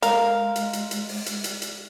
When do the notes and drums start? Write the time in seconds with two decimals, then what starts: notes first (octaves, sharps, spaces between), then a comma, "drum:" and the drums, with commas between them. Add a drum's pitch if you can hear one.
0.02 G#3 A#4 F5, drum: hi-hat
0.56 drum: hi-hat
0.73 drum: hi-hat
0.91 drum: hi-hat
1.09 drum: open hi-hat
1.26 drum: hi-hat
1.44 drum: hi-hat
1.62 drum: hi-hat